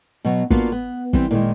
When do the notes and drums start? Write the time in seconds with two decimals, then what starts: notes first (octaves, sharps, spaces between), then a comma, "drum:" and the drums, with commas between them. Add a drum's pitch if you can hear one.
0.25 B2 F#3
0.50 A#3 B3 D4 F4 F#4, drum: kick
0.72 B3
1.13 E3 G3 C4, drum: kick
1.31 A#2 D3 D#3 G#3